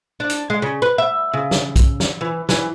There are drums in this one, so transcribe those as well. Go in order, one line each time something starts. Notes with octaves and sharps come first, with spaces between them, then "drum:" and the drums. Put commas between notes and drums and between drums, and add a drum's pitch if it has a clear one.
D4
drum: hi-hat
G#3
C#3
B4
E5
C#3
drum: snare
drum: kick, hi-hat
drum: snare
E3
E3, drum: snare